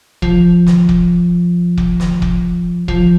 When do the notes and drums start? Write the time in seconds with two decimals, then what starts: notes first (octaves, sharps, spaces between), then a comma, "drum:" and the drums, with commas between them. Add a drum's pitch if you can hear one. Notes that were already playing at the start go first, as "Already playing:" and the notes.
0.22 F3, drum: kick
0.67 drum: snare
0.89 drum: kick
1.78 drum: kick
2.00 drum: snare
2.22 drum: kick
2.88 F3, drum: kick